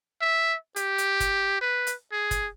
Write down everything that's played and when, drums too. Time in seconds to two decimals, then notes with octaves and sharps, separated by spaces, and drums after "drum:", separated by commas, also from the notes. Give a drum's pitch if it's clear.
0.21 E5
0.76 G4, drum: hi-hat
0.98 drum: hi-hat
1.20 drum: kick, hi-hat
1.61 B4
1.87 drum: hi-hat
2.12 G#4
2.31 drum: kick, hi-hat